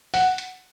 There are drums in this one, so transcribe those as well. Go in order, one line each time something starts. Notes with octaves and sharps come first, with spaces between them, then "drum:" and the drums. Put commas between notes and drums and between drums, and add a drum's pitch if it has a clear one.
F#5, drum: open hi-hat
drum: hi-hat